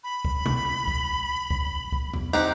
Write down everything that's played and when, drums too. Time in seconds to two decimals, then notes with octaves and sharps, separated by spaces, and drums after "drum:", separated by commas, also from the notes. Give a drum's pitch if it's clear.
0.04 B5
0.25 drum: kick C#2
0.46 drum: tom B2
0.88 drum: kick C#2
1.50 drum: kick C#2
1.92 drum: kick C#2
2.13 drum: tom E2
2.33 C4 D#4 G4 F#6